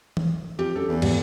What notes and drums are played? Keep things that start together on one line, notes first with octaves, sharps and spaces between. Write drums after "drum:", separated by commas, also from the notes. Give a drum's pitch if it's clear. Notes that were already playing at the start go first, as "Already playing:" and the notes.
drum: tom E3
F2 G4
F#2 A4
E2
F2 G#2 G3, drum: cymbal